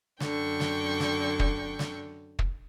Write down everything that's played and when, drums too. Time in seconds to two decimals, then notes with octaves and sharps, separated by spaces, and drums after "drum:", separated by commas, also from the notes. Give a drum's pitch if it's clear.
0.20 F#2 D3 G5 C#6, drum: snare
0.60 drum: snare
1.00 drum: snare
1.39 drum: kick
1.79 drum: snare
2.39 drum: kick